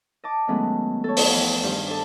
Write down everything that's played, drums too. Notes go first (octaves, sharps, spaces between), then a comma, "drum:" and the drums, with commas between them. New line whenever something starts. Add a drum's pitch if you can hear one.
D#5 A5 D6
D#3 F#3 G#3 A3 B3 C#4
A4 C#5
drum: open hi-hat
E2 F3 A4 G5 A5
G2 D#3 C5 G#5 G6
D4 A4